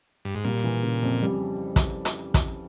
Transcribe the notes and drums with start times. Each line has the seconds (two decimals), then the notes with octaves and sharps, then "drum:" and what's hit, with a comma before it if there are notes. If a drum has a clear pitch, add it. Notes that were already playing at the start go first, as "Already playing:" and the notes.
0.25 G2
0.35 G#2
0.44 A#2 G3
0.64 E3
0.83 C#3
1.03 F2
1.22 G3
1.76 drum: kick, hi-hat
2.05 drum: hi-hat
2.34 drum: kick, hi-hat